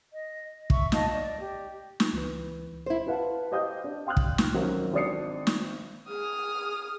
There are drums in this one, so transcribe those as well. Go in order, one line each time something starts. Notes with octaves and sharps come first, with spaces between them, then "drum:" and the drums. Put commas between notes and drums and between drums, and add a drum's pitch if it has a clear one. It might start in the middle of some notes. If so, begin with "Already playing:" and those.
D#5
E5 C#6, drum: kick
D#5 F5 A5, drum: snare
D5 D#5
G4
drum: snare
C#2 E3 B4
E4 C5
E4 B4 F5 F#5 A5
G4 C5 D#5 F5 D#6 G6
D4
F5 G5 C6 D#6 F6 F#6
drum: kick
drum: snare
G#1 F#3 C#4 A#4
G#1 D4 D5 D#6 C7 C#7
drum: snare
G#4 D#6 F6